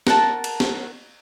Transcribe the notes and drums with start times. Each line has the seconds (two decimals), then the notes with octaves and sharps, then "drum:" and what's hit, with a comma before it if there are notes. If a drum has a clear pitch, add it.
0.07 A#4 F#5 A5, drum: snare
0.44 drum: cymbal
0.60 drum: snare